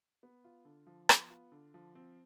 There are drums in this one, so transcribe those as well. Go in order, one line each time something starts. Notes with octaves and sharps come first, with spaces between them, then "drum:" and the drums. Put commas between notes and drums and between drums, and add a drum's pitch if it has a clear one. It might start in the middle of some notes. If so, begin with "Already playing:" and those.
B3
F4
D3
F3
B3, drum: rim click
F4
D3
F3
C4